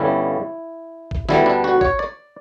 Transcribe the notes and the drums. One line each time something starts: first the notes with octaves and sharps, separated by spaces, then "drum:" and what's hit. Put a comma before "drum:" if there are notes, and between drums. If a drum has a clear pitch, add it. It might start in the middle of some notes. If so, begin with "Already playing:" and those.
Already playing: G1 G2 D3 G3 C#4 E4
drum: kick
D2 D3 G3 B3 E4, drum: snare
D4
F#4
C#5, drum: kick
D5